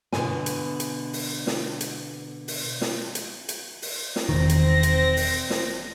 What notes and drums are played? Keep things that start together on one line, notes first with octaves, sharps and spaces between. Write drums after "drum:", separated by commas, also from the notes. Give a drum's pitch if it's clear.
B2 D3 G#5, drum: snare
drum: hi-hat
drum: hi-hat
drum: open hi-hat
drum: snare
drum: hi-hat
drum: open hi-hat
drum: snare
drum: hi-hat
drum: hi-hat
drum: open hi-hat
drum: snare
E1 D#3 C4 A#6
drum: hi-hat
drum: hi-hat
drum: open hi-hat
drum: snare